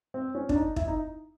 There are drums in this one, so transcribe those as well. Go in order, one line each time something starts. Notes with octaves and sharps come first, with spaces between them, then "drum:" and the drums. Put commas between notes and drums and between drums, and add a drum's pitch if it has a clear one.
C4
C#4
D4, drum: kick
D#4
E4, drum: kick
D#4